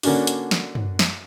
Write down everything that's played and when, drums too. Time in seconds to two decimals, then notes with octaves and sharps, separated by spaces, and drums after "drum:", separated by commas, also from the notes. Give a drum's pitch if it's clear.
0.03 D3 A#3 C#4 D4 F#4, drum: open hi-hat
0.27 drum: hi-hat
0.51 drum: snare
0.75 drum: tom
0.99 drum: snare